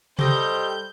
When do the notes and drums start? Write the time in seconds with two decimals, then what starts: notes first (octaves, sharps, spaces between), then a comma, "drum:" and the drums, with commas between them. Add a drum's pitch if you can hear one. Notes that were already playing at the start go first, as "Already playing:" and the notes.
0.19 G3 G4 A4 C5 D#5 G6, drum: tom C3